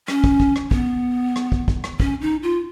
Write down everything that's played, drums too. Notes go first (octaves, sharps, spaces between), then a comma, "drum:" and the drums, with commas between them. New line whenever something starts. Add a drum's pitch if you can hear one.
C#4, drum: rim click
drum: kick
drum: kick
drum: rim click
B3, drum: kick
drum: rim click
drum: kick
drum: kick
drum: rim click
C#4, drum: kick
D#4
F4